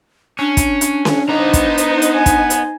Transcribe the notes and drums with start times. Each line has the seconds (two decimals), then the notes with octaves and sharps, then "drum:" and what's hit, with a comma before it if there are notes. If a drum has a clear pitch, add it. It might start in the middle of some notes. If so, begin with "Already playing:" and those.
0.39 C#4 D4
0.57 drum: kick, hi-hat
0.81 drum: hi-hat
1.05 drum: snare C#4
1.29 B3 D#4 C5 A#5
1.53 drum: kick, hi-hat
1.78 drum: hi-hat
2.02 drum: hi-hat
2.14 G#5
2.26 drum: kick, hi-hat
2.50 drum: hi-hat